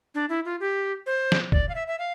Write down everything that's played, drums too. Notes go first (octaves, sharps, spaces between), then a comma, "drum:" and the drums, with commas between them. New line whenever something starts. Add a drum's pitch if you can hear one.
D4
E4
F4
G4
C5
drum: snare
D5, drum: kick
F5
E5
E5
F5